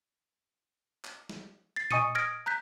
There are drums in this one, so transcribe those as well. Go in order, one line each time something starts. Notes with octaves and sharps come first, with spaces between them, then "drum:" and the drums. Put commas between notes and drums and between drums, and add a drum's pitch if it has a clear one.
drum: clap
drum: snare
A6 C7
D#5 G#5 C#6 D#6 C#7 D#7, drum: tom A#2
D#6 F6 G#6 A#6 D7
A#5 F#6 G6 B6